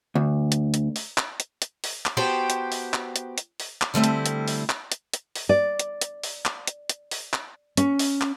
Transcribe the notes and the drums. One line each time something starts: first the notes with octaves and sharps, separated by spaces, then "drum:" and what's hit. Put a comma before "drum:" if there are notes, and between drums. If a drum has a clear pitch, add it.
D2
drum: hi-hat
drum: hi-hat
drum: open hi-hat
drum: clap
drum: hi-hat
drum: hi-hat
drum: open hi-hat
drum: clap
B3 F#4 G4 C5 G5 A5
drum: hi-hat
drum: open hi-hat
drum: clap
drum: hi-hat
drum: hi-hat
drum: open hi-hat
drum: clap
D3 G3 A3 C4 E4
drum: hi-hat
drum: hi-hat
drum: open hi-hat
drum: clap
drum: hi-hat
drum: hi-hat
drum: open hi-hat
D5
drum: hi-hat
drum: hi-hat
drum: open hi-hat
drum: clap
drum: hi-hat
drum: hi-hat
drum: open hi-hat
drum: clap
C#4, drum: hi-hat
drum: open hi-hat
drum: clap